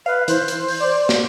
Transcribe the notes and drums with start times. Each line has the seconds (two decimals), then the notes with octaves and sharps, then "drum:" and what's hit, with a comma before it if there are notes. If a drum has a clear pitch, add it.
0.06 B4 F5
0.28 E3 C5, drum: hi-hat
0.48 drum: hi-hat
0.68 drum: open hi-hat
0.80 D5
1.09 drum: snare